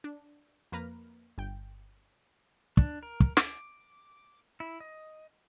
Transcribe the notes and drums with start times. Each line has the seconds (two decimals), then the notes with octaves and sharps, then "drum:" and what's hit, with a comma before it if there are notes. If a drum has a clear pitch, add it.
0.04 D4
0.72 F2 A#3 B4 A#5 F6
1.38 G1 G5
2.77 D4, drum: kick
3.03 A#4
3.20 drum: kick
3.37 D6, drum: snare
4.60 E4
4.80 D#5